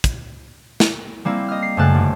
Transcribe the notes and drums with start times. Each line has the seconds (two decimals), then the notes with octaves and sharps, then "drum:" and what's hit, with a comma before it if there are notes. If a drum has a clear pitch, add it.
0.04 drum: kick, hi-hat
0.80 drum: snare
1.25 G3 A#3 C4 E4
1.48 D#5 F6
1.62 C7
1.77 F#2 C#3 A3 C5 A5 F#6
1.94 G1